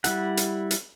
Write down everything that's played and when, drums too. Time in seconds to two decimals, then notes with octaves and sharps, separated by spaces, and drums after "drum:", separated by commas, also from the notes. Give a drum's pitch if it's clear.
0.04 G3 E4 F#5, drum: hi-hat
0.37 drum: hi-hat
0.71 drum: hi-hat